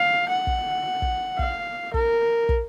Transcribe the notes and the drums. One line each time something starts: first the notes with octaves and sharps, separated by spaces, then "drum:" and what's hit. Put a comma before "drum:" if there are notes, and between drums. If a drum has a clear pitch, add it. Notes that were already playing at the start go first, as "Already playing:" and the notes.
Already playing: F5
F#5
drum: kick
drum: kick
F5, drum: kick
A#4, drum: kick
drum: kick